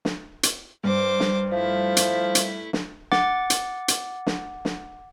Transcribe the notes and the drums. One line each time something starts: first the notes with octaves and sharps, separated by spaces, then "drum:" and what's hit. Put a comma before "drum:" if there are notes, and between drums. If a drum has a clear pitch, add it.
drum: snare
drum: hi-hat
G2 C5 D6
drum: snare
F3 A3 E4
drum: hi-hat
drum: hi-hat
drum: snare
F#5 D6 A6, drum: snare
drum: hi-hat
drum: hi-hat
drum: snare
drum: snare